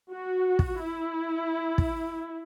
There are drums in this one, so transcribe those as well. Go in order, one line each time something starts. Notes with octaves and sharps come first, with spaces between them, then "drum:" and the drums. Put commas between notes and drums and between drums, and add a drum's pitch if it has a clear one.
F#4
drum: kick
E4
drum: kick